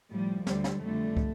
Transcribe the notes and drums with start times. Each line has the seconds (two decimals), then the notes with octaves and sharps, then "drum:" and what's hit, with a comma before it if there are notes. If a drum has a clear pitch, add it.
0.12 A2 F3 G3
0.47 D2 D3 G3, drum: snare
0.64 drum: snare
0.82 F2 D3 G3 A3
1.17 drum: kick